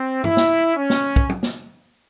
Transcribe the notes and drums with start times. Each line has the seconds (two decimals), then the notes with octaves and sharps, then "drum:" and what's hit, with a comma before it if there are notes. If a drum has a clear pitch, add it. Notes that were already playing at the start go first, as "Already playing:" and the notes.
Already playing: C4
0.24 E4, drum: tom
0.37 drum: snare
0.76 C#4
0.90 drum: snare
1.16 drum: kick
1.30 drum: tom
1.43 drum: snare